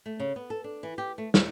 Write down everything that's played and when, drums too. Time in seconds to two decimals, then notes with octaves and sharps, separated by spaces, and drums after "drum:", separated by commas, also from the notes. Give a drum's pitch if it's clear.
0.06 A3
0.20 C#3
0.36 B3
0.50 A4
0.64 D4
0.83 E3
0.98 G4
1.18 A3
1.34 D#3, drum: snare